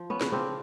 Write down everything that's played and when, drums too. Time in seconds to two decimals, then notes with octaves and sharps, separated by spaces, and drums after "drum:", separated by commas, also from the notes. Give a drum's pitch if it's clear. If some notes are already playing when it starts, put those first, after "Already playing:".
Already playing: F3
0.10 B3 C#4
0.21 C#3, drum: snare
0.32 C4 D4